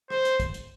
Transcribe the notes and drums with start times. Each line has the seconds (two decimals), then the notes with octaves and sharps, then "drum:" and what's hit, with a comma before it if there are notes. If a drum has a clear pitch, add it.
0.10 C5, drum: rim click
0.25 drum: hi-hat
0.40 drum: kick, hi-hat
0.54 drum: hi-hat